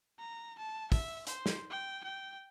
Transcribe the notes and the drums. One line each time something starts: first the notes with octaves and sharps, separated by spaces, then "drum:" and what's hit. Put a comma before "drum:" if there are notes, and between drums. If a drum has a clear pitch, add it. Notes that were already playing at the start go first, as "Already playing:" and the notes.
A#5
A5
E5, drum: kick, open hi-hat
C5, drum: hi-hat
drum: snare
G5
G5